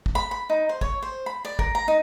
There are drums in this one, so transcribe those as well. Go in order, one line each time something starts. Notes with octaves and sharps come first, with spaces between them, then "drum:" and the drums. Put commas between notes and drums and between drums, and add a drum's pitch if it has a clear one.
drum: kick
B5
B5
D#4
C5
C#5, drum: kick
C5
B5
D5
A#4, drum: kick
A#5
D#4